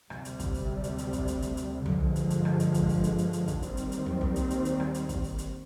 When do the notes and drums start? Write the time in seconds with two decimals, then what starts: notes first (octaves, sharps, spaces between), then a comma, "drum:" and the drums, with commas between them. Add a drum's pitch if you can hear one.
0.10 D2 C3 G3, drum: rim click
0.25 drum: hi-hat
0.40 drum: kick, hi-hat
0.54 drum: open hi-hat
0.84 drum: hi-hat
0.98 drum: hi-hat
1.13 drum: kick, hi-hat
1.28 drum: hi-hat
1.42 drum: hi-hat
1.57 drum: hi-hat
1.86 G2 D3 F3 G#3, drum: tom
2.16 drum: hi-hat
2.30 drum: hi-hat
2.45 drum: rim click
2.60 drum: hi-hat
2.74 drum: kick, hi-hat
2.89 drum: open hi-hat
3.04 drum: hi-hat
3.18 drum: hi-hat
3.33 drum: hi-hat
3.48 drum: kick, hi-hat
3.62 D#2 D#3 G3 C4, drum: hi-hat
3.77 drum: hi-hat
3.92 drum: hi-hat
4.06 drum: tom
4.21 drum: tom
4.36 drum: hi-hat
4.50 drum: hi-hat
4.65 drum: hi-hat
4.80 drum: rim click
4.94 drum: hi-hat
5.09 drum: kick, hi-hat
5.24 drum: open hi-hat
5.38 drum: hi-hat